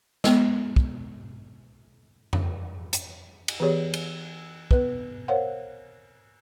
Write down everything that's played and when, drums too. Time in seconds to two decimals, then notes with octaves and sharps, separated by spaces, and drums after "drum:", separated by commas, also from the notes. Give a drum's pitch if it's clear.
0.24 G#3 B3, drum: snare
0.76 drum: kick
2.33 drum: tom F2
2.93 drum: hi-hat
3.48 drum: cymbal
3.60 E3 B3 G4 G#4 C#5 D5
3.94 drum: cymbal
4.71 B3 B4, drum: kick
5.28 A#4 C5 C#5 F5 F#5